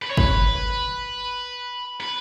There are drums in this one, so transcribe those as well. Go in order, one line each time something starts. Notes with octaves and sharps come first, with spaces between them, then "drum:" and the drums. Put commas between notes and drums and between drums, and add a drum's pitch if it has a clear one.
B4
C#5
B4, drum: kick
B4